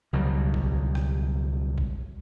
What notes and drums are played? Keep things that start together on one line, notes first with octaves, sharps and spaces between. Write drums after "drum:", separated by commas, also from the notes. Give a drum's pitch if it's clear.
C#2 B2 F#3 G3
drum: kick A#1
drum: rim click
drum: kick A#1